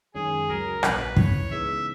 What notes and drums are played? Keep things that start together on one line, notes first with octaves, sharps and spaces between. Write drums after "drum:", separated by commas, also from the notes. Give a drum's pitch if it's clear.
F#2 D#3 G#3 C#4 G#4
C#2 C#3 F#3 A#4
A#1 A#2 F#3 B4, drum: rim click
C#2 C#3 E3 C#5, drum: kick
C#3 E3 G#3 B3 D#4 E5